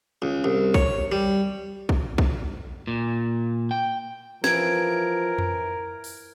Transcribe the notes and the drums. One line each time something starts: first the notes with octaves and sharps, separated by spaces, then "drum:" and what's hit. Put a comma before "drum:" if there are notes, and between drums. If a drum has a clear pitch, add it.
C#2
C2
C#5, drum: kick
G3
drum: kick
drum: kick
A#2
G5
E3 F3 A#4 G#6 D7, drum: snare
drum: tom F2
drum: open hi-hat